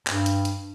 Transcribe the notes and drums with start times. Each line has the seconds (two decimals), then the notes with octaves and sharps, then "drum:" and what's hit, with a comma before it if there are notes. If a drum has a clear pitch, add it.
0.07 G2, drum: clap
0.26 drum: hi-hat
0.45 drum: hi-hat